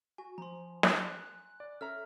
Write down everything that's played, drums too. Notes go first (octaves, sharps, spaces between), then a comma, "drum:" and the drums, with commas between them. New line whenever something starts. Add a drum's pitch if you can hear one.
F#4 G#5
F3 A#5 C6
drum: snare
F#6
D5
C#4 A4 E5 A#5 F6